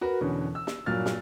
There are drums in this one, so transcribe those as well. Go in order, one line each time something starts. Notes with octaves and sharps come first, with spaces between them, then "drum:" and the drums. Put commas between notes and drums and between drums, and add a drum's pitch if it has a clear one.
F#4 A#4 B4
E2 B2 D3 C#4
E6
drum: snare
G2 A#2 F#3 F4 F6 A6
drum: snare